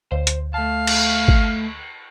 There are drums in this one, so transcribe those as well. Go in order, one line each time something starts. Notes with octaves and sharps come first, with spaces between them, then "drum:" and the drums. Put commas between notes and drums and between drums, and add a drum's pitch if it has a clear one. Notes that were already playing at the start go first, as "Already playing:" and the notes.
D2 C5
drum: hi-hat
A3 F5 A5
drum: cymbal
drum: kick G#1